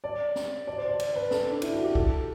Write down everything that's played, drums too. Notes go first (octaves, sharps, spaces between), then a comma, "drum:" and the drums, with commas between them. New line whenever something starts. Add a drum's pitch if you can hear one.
D5
drum: snare
D5
C5
D5
drum: cymbal
B4
A4, drum: snare
D4
E4, drum: cymbal
F#4
G4
A4, drum: kick